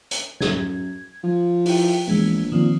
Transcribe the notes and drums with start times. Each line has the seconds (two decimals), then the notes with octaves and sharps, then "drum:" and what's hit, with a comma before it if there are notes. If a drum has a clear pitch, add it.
0.11 drum: hi-hat
0.40 F#2 G#6, drum: snare
1.24 F3
1.66 E4 G5, drum: open hi-hat
2.07 A#1 E3 G#3 B3
2.52 A#2 D#3 F3 C4